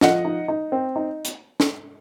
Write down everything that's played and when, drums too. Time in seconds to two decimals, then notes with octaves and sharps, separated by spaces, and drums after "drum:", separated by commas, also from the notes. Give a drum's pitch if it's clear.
0.01 F3 D#5 F#5, drum: snare
0.25 D#4
0.48 D#4
0.72 C4
0.96 D#4
1.25 drum: hi-hat
1.60 drum: snare